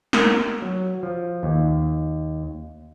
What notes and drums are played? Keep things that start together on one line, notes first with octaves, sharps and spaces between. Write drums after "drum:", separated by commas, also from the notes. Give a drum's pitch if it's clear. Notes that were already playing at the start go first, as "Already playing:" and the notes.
A#4, drum: snare
F#3
F3
D#2